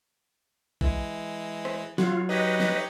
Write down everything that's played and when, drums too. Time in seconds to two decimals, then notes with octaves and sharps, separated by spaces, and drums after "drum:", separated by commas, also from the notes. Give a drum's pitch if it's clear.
0.81 E3 G#3, drum: kick A#1
1.65 drum: rim click
1.98 F#3 F4, drum: snare
2.29 D#4 G4 B4 C#5 D#5
2.60 drum: snare